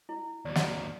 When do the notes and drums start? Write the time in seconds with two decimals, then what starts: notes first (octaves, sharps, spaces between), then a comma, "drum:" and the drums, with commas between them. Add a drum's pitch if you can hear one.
0.09 E4
0.45 D#2 F#3 D5
0.55 drum: snare